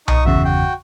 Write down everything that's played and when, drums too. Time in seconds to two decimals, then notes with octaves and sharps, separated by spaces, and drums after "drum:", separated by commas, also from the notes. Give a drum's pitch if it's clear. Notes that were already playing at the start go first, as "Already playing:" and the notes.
0.08 D#4 C#6 D#6, drum: tom B1
0.25 G1 E2 C#3 F#4 E5
0.45 F#4 G5